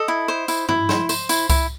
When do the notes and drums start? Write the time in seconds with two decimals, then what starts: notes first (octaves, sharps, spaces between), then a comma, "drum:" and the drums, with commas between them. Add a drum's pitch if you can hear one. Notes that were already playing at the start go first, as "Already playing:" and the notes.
Already playing: A4 D#5
0.08 E4
0.28 C5
0.48 E4, drum: tambourine
0.69 E4, drum: tom G2
0.89 C5, drum: snare
1.09 C5, drum: tambourine
1.29 E4, drum: tambourine
1.49 E4, drum: kick C2, tambourine